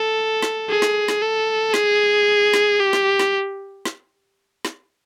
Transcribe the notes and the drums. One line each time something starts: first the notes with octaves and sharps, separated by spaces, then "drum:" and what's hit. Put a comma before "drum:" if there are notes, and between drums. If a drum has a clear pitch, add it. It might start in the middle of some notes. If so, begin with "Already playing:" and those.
Already playing: A4
drum: snare
G#4
drum: snare
drum: snare
A4
G#4, drum: snare
drum: snare
G4
drum: snare
drum: snare
drum: snare
drum: snare